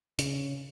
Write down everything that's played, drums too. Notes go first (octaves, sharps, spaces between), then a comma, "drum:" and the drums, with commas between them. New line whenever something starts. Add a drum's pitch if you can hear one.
C#3, drum: hi-hat